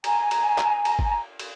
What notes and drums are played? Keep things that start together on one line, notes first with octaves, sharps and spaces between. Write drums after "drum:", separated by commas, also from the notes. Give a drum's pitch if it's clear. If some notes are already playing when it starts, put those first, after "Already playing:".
G#5 A#5, drum: cymbal
drum: cymbal
drum: clap
drum: cymbal
drum: kick
drum: cymbal